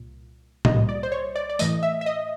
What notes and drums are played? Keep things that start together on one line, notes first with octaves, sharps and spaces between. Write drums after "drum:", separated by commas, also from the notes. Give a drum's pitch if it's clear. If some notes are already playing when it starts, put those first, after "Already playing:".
Already playing: C2 A#2
C2 A#2 G3 A#3 D#5, drum: tom A2
D5
C5
C#5
D5
D5
A2 E3 A3 D#5, drum: tambourine
E5
E5
D#5